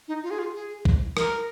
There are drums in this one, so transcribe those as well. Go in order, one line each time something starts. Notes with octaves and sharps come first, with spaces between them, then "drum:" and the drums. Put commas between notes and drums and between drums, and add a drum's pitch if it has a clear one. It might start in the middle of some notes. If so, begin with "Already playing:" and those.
D#4
F4
G#4
F4
G#4
drum: kick B1
A#4, drum: rim click